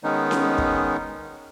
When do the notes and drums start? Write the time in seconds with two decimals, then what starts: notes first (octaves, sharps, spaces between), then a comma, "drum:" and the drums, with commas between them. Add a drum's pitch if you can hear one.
0.04 D#3 G#3 B3 C#4 D#4
0.31 drum: snare C#4
0.58 drum: kick